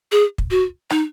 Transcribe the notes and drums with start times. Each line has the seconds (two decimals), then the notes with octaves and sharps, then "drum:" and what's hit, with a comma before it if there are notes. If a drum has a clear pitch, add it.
0.12 G#4
0.38 drum: kick
0.51 F#4
0.90 D#4, drum: rim click